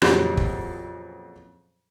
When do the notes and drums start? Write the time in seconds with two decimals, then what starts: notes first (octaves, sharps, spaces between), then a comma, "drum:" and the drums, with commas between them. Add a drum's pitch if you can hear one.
0.02 F2 A#2 C#3 E3 F#3 G3, drum: rim click
0.37 drum: kick